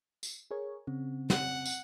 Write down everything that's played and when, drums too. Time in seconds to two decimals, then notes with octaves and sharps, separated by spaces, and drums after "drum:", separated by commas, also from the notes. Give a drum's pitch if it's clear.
0.23 drum: tambourine
0.51 G#4 A#4 C#5
0.87 C#3 C4
1.30 F#5, drum: snare
1.66 drum: tambourine